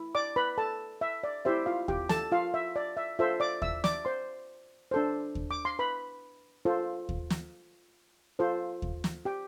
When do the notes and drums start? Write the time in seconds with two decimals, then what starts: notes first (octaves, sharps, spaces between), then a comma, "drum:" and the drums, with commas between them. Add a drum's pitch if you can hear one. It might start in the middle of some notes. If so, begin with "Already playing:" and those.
Already playing: E4
0.15 D5 D6
0.36 B4 B5
0.58 A4 A5
1.01 E5
1.24 D5
1.45 E4 G4 C5 E5
1.66 F4 F5
1.88 G4 G5, drum: kick D#2
2.09 A4 A5, drum: snare
2.32 F4 F5
2.54 E5
2.76 D5
2.97 E5
3.19 F4 A4 C5 E5
3.40 D5 D6
3.62 E5 E6, drum: kick D#2
3.84 D5 D6, drum: snare
4.05 C5 C6
4.91 D4 A4 C5
5.35 drum: kick D#2
5.51 D6
5.65 C6
5.79 B4 B5
6.65 F4 A4 C5
7.09 drum: kick D#2
7.30 drum: snare
8.39 F4 A4 C5
8.82 drum: kick D#2
9.04 drum: snare
9.25 G4 G5